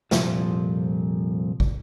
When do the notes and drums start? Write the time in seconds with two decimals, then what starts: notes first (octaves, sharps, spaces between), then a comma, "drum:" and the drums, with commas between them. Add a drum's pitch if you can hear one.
0.11 C2 F2 A#2 F3, drum: snare
1.60 drum: kick